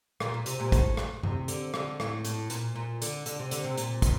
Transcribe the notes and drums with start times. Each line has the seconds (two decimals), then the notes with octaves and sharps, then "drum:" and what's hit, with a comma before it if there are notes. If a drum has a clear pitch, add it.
0.20 A#2, drum: rim click
0.34 A#2
0.46 C3, drum: hi-hat
0.60 A#2
0.72 A2, drum: kick, hi-hat
0.97 drum: rim click
1.23 C3, drum: tom G2
1.48 D3, drum: hi-hat
1.74 D3, drum: rim click
2.00 A2, drum: rim click
2.25 A2, drum: hi-hat
2.50 A#2, drum: hi-hat
2.76 A#2
3.02 D3, drum: hi-hat
3.26 D3, drum: hi-hat
3.40 C3
3.51 D3, drum: hi-hat
3.64 C3
3.77 A#2, drum: hi-hat
4.02 A#2, drum: kick, hi-hat